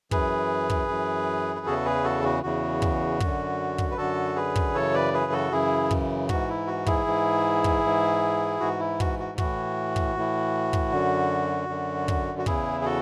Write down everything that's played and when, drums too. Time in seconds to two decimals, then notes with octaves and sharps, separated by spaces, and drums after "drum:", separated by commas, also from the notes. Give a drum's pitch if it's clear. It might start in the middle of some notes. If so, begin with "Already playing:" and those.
0.11 F#2 E3 G#4 B4, drum: kick
0.70 drum: kick
0.89 F#2 E3
1.56 B4
1.66 E2 C#3 E3 F#4 A4
1.85 G#4 B4
2.04 F#4 A4
2.24 F#4
2.43 E2 C#3 E3 F#4
2.82 drum: kick
3.20 F#2 D3, drum: kick
3.78 drum: kick
3.91 B4
3.97 F#2 D3 F#4 A4
4.36 G#4 B4
4.56 drum: kick
4.74 F#2 C#3 E3 A4 C#5
4.94 B4 D5
5.13 G#4 B4
5.32 F#4 A4
5.52 F#2 C#3 E3 E4 G#4
5.91 drum: kick
6.29 G#2 E3 F#4, drum: kick
6.49 E4
6.67 F#4
6.86 E4 G#4, drum: kick
7.06 G#2 E3
7.64 drum: kick
7.84 G#2 E3
8.60 G#2 E3 F#4
8.79 E4
9.00 F#4, drum: kick
9.19 F#4
9.38 A2 E3 F#4, drum: kick
9.96 drum: kick
10.16 A2 E3
10.73 drum: kick
10.92 F#2 D3
11.69 F#2 D3
12.08 drum: kick
12.39 F#4
12.46 E2 C#3 E3 E4 G#4, drum: kick
12.81 G#4
12.85 F#4 A4